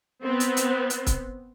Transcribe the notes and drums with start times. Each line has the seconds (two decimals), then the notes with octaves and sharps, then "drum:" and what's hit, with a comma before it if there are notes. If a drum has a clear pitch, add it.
0.23 B3 C4
0.40 drum: hi-hat
0.57 drum: hi-hat
0.90 drum: hi-hat
1.07 drum: kick C#1, hi-hat